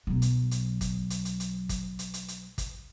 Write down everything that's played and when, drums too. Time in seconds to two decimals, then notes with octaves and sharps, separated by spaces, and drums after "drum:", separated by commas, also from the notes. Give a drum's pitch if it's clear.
0.07 B1 F#3
0.22 drum: hi-hat
0.51 drum: hi-hat
0.81 drum: kick, hi-hat
1.10 drum: hi-hat
1.25 drum: hi-hat
1.40 drum: hi-hat
1.69 drum: kick, hi-hat
1.99 drum: hi-hat
2.14 drum: hi-hat
2.28 drum: hi-hat
2.58 drum: kick, hi-hat